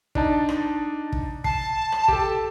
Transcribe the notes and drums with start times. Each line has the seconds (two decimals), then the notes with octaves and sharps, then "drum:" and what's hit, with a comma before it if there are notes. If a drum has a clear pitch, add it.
0.15 D4 D#4 A5, drum: kick
0.49 drum: rim click
1.12 drum: kick
1.44 A5 C7, drum: kick
1.92 drum: rim click
2.08 G4 A4, drum: kick